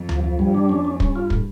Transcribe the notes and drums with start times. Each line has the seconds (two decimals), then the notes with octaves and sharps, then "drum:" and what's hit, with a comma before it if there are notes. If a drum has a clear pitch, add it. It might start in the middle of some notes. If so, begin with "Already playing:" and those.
Already playing: F2
0.09 F3, drum: tom D2
0.24 F3
0.39 G2 G3
0.54 D4
0.69 F2 C#4
0.85 C#4
1.00 G2 C#4, drum: kick
1.16 F4
1.30 A2, drum: kick